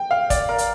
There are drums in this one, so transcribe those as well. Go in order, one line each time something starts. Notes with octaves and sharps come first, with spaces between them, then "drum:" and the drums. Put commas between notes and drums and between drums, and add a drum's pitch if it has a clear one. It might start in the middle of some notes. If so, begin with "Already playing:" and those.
Already playing: G5
F5
D5, drum: kick, hi-hat
A#4
drum: hi-hat